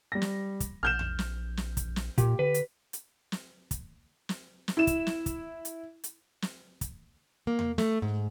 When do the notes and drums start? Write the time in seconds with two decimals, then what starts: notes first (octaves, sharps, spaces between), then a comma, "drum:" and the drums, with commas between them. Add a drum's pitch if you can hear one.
0.12 G3 A#6
0.22 drum: snare
0.60 drum: kick, hi-hat
0.83 A#1 F6 G6 E7
0.99 drum: tom E2
1.19 drum: snare
1.57 drum: snare
1.77 drum: kick, hi-hat
1.96 drum: snare
2.18 A#2 G4, drum: kick, hi-hat
2.39 D3 B4
2.54 drum: hi-hat
2.93 drum: hi-hat
3.32 drum: snare
3.71 drum: kick, hi-hat
4.29 drum: snare
4.68 drum: snare
4.77 E4 E7
4.87 drum: kick, hi-hat
5.07 drum: snare
5.26 drum: kick, hi-hat
5.65 drum: hi-hat
6.04 drum: hi-hat
6.42 drum: snare
6.81 drum: kick, hi-hat
7.47 A#3
7.59 drum: tom E2
7.78 A3, drum: snare
8.02 G#2